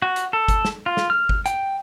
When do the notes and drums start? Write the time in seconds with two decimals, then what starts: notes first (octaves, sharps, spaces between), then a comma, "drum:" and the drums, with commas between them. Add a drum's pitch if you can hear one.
0.02 F#4
0.16 drum: hi-hat
0.33 A4
0.48 drum: kick G1, hi-hat
0.65 drum: snare
0.86 F4
0.97 drum: snare
1.10 F6
1.29 drum: kick G1
1.46 G5, drum: hi-hat